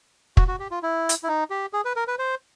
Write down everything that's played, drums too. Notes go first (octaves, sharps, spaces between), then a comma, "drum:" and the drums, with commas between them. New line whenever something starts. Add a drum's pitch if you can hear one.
F#4, drum: kick
F#4
G4
F4
E4
drum: hi-hat
E4
D#4
G4
G#4
B4
A#4
B4
C5